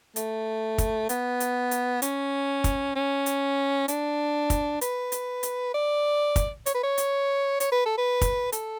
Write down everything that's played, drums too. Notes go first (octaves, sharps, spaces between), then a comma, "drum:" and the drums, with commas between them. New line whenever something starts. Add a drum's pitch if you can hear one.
A3, drum: hi-hat
drum: kick, hi-hat
B3, drum: hi-hat
drum: hi-hat
drum: hi-hat
C#4, drum: hi-hat
drum: kick, hi-hat
C#4
drum: hi-hat
D4, drum: hi-hat
drum: kick, hi-hat
B4, drum: hi-hat
drum: hi-hat
drum: hi-hat
D5
drum: kick, hi-hat
C#5, drum: hi-hat
B4
C#5
drum: hi-hat
C#5, drum: hi-hat
B4
A4
B4
drum: kick, hi-hat
A4, drum: hi-hat